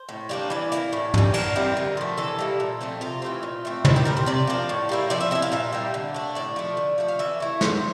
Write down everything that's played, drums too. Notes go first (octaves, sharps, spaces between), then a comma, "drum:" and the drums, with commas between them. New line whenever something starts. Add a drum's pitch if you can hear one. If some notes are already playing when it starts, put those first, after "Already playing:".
Already playing: C5
A2
G3 A#3 D4
E3 D5
A#3 E4, drum: hi-hat
A2
E3 G3, drum: tom
D3 A#4, drum: cymbal
G3 C4 E4
D3
F3 A3
E3 A4
G3 A#3 E4
A#2
F3 A3 C4
C3 F4
E3 A3 C4
A#2
A3 C4
A#2 E4, drum: tom
G4
G3 C4 A#4
C5
C3 D5
F3 A#3 D4
A2
G3 A#3 E4
F3 D5
E5
C4 E4 E5
F5
A#2 E5
G3 A#3
D3
A3 D4
A2 D5
F3 A3
D3
F3 A3 D4
F5
E3 E5
A3 E4
A#2 C5, drum: snare